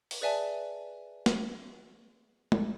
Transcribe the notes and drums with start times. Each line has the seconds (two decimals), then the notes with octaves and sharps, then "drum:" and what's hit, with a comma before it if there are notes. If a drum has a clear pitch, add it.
0.11 drum: open hi-hat
0.21 G#4 B4 D5 E5 G#5 A5
1.26 drum: snare
2.52 drum: tom